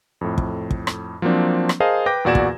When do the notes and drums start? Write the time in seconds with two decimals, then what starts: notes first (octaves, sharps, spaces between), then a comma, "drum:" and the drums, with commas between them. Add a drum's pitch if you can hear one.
0.21 F2 A2
0.38 drum: kick
0.71 drum: kick
0.87 drum: rim click
1.22 F3 F#3 A#3 C4 D4
1.69 drum: rim click
1.80 G#4 A#4 C5 D#5 F5 A5
2.06 B4 G5 D6 G6 A#6
2.25 E2 A#2 F#4 D5 G#6 E7
2.35 drum: kick